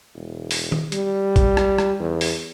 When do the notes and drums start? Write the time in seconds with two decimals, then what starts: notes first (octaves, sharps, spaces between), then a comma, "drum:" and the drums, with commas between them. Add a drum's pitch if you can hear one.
0.15 E1
0.51 drum: open hi-hat
0.72 drum: tom D#3
0.92 G3, drum: hi-hat
1.36 drum: kick, hi-hat
1.57 drum: rim click
1.78 drum: rim click
2.00 E2
2.21 drum: open hi-hat